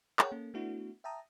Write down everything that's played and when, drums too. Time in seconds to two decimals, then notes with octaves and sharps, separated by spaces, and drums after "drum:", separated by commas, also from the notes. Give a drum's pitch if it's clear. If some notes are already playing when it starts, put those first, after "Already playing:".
0.19 G#4 A#4 C#5 F#5 G5, drum: clap
0.32 A#3 C#4 A4
0.54 A3 B3 D4 E4 F#4
1.04 E5 G5 A5 A#5 D#6